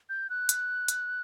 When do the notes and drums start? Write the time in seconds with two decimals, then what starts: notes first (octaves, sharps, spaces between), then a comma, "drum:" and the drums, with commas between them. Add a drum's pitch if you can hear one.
0.09 G6
0.30 F#6
0.49 drum: hi-hat
0.88 drum: hi-hat